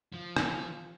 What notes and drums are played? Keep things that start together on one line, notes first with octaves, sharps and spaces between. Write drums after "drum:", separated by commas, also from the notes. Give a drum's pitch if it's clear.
F3
drum: rim click